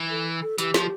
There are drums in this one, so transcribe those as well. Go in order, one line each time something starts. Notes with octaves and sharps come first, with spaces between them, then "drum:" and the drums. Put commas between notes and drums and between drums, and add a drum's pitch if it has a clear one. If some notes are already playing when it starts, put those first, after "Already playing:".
Already playing: E3
A4
A4
E3 G4, drum: hi-hat
F3, drum: snare